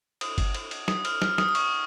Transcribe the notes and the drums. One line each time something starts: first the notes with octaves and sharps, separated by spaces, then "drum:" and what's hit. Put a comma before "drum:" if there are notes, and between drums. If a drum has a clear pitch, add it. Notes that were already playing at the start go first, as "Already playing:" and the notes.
D#6, drum: cymbal
drum: kick G1, cymbal
drum: cymbal
drum: cymbal
D#6, drum: snare
F6, drum: cymbal
F6, drum: snare
D#6, drum: snare
D#6
C#6, drum: cymbal